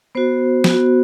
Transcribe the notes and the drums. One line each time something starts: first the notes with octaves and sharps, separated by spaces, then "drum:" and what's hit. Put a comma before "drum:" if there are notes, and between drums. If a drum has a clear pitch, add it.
B3 F#4 C5
B3 F#4, drum: snare